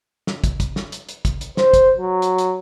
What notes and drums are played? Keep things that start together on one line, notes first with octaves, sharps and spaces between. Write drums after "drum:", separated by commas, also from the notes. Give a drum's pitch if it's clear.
drum: snare
drum: kick, hi-hat
drum: kick, hi-hat
drum: snare
drum: hi-hat
drum: hi-hat
drum: kick, hi-hat
drum: hi-hat
C5, drum: snare
drum: kick, hi-hat
F#3
drum: hi-hat
drum: hi-hat